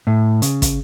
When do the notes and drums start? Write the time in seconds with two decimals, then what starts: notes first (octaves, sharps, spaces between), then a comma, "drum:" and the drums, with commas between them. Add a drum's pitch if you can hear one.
0.07 A2
0.42 C#3, drum: hi-hat
0.62 drum: kick, hi-hat